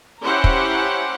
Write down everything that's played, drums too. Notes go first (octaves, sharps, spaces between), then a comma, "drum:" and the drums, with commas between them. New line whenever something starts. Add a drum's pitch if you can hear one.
C#4 E4 G4 C5 F#5 A#5
drum: kick